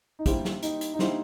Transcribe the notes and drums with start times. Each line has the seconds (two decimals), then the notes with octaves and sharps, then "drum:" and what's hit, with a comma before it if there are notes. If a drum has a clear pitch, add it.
0.19 D#4
0.26 G3 A#3 D4 E4 G4 C5, drum: kick, hi-hat
0.45 drum: snare
0.63 D#4, drum: hi-hat
0.81 drum: hi-hat
0.94 D#4
0.99 G3 A#3 D4 E4 G4 C5, drum: snare